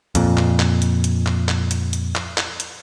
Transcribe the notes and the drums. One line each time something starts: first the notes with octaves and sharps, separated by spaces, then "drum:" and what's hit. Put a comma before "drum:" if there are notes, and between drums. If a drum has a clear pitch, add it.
F2 A#2, drum: hi-hat
drum: clap
drum: clap
drum: hi-hat
drum: hi-hat
drum: clap
drum: clap
drum: hi-hat
drum: hi-hat
drum: clap
drum: clap
drum: hi-hat